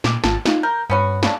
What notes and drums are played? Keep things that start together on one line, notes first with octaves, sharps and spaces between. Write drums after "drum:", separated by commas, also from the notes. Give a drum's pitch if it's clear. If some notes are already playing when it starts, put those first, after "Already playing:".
A#2 D6, drum: snare
G#1 F4 A5, drum: snare
D#4 F4, drum: snare
A#4 G6
G2 B3 C#4 F#4
C#3 D4, drum: snare